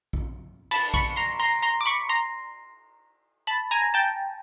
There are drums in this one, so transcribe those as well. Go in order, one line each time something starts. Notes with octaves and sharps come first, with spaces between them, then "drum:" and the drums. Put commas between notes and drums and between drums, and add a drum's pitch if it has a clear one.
drum: kick A#1
A5 B5, drum: cymbal
B5 C#6, drum: kick A#1
A#5 C6
A#5 C6, drum: tambourine
A#5 C6
D6
B5 C#6
A#5 C6
A5 B5
G#5 A#5
G5 A5